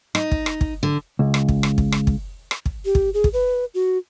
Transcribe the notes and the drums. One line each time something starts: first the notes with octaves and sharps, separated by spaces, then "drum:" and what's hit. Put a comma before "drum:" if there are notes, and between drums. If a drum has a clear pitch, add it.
D#4, drum: rim click
drum: kick
drum: rim click
drum: kick
D3
C#2
drum: rim click
drum: kick
drum: rim click
drum: kick
drum: rim click
drum: kick
drum: rim click
drum: kick
G4
drum: kick
G#4
drum: kick
B4
F#4